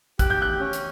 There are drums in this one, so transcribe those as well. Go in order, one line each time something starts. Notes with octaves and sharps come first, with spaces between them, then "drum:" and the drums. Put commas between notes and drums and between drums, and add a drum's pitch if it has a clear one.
G4 F#6, drum: kick A1, hi-hat
G6
F#6
C#4
drum: hi-hat